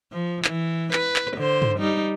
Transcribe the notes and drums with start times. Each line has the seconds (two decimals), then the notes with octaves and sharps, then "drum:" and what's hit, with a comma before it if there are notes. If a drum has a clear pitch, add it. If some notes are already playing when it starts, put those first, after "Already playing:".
0.12 F3
0.45 E3, drum: clap
0.93 B4, drum: clap
1.16 drum: clap
1.37 D3 C5
1.62 drum: tom G2
1.79 G3 D#4